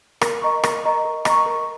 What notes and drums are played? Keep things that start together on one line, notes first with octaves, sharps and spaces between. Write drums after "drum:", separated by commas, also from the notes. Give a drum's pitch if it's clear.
A#4, drum: rim click
D#5 A#5 C#6
A#4, drum: rim click
D#5 A#5 C#6
A#4
D#5 A#5 C#6, drum: rim click
A#4